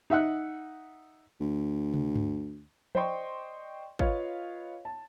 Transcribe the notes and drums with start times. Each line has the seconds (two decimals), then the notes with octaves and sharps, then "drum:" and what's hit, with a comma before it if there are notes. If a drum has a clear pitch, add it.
0.10 D#4 E5 F#5 F#6
1.41 D2
1.94 drum: tom
2.15 drum: tom G2
2.95 C5 D5 D#5 G5 C6 C#6, drum: tom F3
3.99 F4 B4 C#5 D#5 F5, drum: kick G#1
4.85 A5